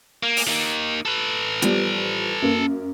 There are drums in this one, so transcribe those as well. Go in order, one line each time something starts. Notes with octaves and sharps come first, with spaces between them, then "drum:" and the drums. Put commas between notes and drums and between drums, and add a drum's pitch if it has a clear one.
A#3
drum: open hi-hat
A#3 D#4
A4 B4
F3 G3 B3, drum: hi-hat
F#2 A#3